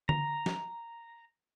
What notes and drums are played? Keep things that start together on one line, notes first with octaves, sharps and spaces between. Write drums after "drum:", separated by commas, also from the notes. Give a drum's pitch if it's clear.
A#5, drum: tom D3
drum: snare